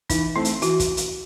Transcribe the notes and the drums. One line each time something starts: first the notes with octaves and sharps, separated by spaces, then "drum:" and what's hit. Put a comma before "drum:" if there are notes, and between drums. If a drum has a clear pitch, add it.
E3 D#4, drum: kick, hi-hat
A3 C4 E4
drum: hi-hat
E3 F#4, drum: hi-hat
drum: kick, hi-hat
drum: hi-hat